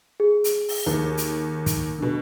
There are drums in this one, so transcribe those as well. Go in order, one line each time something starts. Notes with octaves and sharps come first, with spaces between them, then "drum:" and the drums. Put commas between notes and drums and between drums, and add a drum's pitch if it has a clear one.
G#4
drum: hi-hat
drum: open hi-hat
D#2
drum: hi-hat
drum: kick, hi-hat
B2 D3